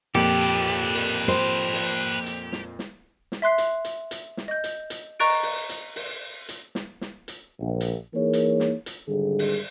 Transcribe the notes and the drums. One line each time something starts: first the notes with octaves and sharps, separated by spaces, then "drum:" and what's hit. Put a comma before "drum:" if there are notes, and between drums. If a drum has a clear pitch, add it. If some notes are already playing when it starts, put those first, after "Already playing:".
F2 A#2 A#3 G4 A4 B4, drum: snare
drum: hi-hat
drum: hi-hat
drum: open hi-hat
C5
drum: open hi-hat
drum: hi-hat
drum: snare
drum: snare
drum: snare
E5 C6 F#6 C7
drum: hi-hat
drum: hi-hat
drum: hi-hat
drum: snare
D#5 G6
drum: hi-hat
drum: hi-hat
D#5 A#5 C#6 F#6 A6 D7, drum: open hi-hat
drum: open hi-hat
drum: hi-hat
drum: open hi-hat
drum: hi-hat
drum: snare
drum: snare
drum: hi-hat
A#1
drum: hi-hat
E3 A#3 D#4 G#4 A#4 C#5
drum: hi-hat
drum: snare
drum: hi-hat
G#1 D3 G3 G#4
drum: open hi-hat